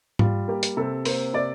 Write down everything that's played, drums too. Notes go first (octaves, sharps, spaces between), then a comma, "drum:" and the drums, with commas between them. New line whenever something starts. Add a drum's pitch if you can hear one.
G3 F4, drum: tom G#2
A#3 G4
drum: hi-hat
C3 A4
A#3 C5, drum: open hi-hat
C3 D5